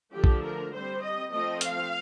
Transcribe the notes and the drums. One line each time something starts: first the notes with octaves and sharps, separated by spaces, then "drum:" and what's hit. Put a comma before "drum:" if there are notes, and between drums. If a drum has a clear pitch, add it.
D3 F3 A3 D4 G4
drum: kick B1
A#4
G3 C4 C5
D#5
F3 A3 C4 D#5
F5, drum: hi-hat